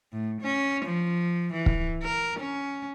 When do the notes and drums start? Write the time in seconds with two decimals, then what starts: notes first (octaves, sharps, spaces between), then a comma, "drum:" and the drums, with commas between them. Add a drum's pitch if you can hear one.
0.12 A2
0.42 C#4
0.85 F3
1.53 E3
1.66 drum: kick
2.03 A#4
2.40 C#4